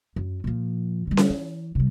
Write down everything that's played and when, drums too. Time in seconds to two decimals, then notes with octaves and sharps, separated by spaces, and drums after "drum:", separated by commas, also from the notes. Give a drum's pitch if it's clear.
0.16 F#2
0.44 A#2 F3
1.07 D3 G3
1.17 drum: snare C#4
1.30 E3
1.75 C3 G3